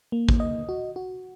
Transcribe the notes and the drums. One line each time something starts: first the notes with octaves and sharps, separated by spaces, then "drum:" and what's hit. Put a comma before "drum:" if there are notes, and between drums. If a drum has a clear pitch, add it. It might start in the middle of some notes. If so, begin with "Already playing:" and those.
A#3
drum: kick
D#5
F#4
F#4